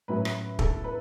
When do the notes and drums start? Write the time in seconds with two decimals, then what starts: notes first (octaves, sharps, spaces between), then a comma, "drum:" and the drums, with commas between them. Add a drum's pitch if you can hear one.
0.08 A2 F#3 C#4 E4 B4
0.25 drum: rim click
0.59 A4, drum: kick
0.84 B4